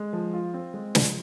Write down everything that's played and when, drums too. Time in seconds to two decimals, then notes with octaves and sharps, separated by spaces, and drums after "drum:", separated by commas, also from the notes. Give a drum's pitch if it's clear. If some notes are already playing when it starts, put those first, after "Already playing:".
Already playing: G#3
0.13 F3
0.33 F4
0.54 C4
0.74 G#3
0.95 F3, drum: snare